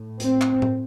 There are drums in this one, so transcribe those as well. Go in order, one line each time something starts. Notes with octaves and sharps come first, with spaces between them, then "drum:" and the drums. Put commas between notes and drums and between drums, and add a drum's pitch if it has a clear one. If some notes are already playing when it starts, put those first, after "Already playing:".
Already playing: A2
C4, drum: hi-hat
drum: clap
drum: tom A2